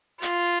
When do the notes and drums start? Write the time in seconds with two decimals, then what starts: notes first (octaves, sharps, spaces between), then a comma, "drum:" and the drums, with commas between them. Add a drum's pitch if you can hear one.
0.23 F4, drum: clap